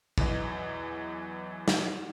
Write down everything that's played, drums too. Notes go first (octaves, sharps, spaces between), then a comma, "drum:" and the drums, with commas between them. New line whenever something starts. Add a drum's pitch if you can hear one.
E2 E3 F#3 D#5, drum: kick
drum: snare